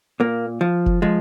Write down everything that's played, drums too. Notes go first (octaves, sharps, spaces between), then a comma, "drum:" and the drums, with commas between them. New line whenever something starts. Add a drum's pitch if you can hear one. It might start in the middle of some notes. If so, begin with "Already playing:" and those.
A#2 A#3
F3
drum: kick F1
F3 G#3